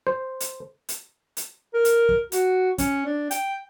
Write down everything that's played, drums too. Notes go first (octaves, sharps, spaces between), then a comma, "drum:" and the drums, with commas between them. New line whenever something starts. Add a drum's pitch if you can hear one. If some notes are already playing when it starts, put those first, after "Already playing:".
C5
drum: hi-hat
drum: hi-hat
drum: hi-hat
A#4
drum: hi-hat
drum: kick
F#4, drum: hi-hat
C#4, drum: kick, hi-hat
D4
G5, drum: hi-hat